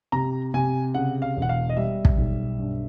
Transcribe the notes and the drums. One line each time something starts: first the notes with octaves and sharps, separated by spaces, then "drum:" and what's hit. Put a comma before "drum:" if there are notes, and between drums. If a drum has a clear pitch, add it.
C3 A#5
C3 G#5
C#3 F#5
F5
E1
F#5
F5
D#5
G3 E5
drum: kick
B1
G2